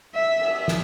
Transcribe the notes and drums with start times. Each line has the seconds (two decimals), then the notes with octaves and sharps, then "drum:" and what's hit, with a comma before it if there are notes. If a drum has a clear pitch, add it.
0.15 E5
0.41 drum: cymbal
0.68 drum: snare